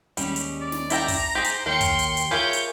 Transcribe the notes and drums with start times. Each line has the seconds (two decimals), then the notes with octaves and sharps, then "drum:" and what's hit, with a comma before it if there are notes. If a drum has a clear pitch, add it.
0.17 D#2 G3 G#3 C#4, drum: hi-hat
0.36 drum: hi-hat
0.61 D5
0.72 drum: snare
0.90 E4 A4 G5 A#5 A#6, drum: hi-hat
1.08 drum: kick, open hi-hat
1.35 G4 G#4 C5
1.44 drum: hi-hat
1.66 D#2 F#3 A#3 A#4 G5 C6 C#7
1.81 drum: kick, hi-hat
1.99 drum: hi-hat
2.17 drum: hi-hat
2.31 E4 F4 G4 G#4 A#4 C#5 G#5 G6
2.53 drum: hi-hat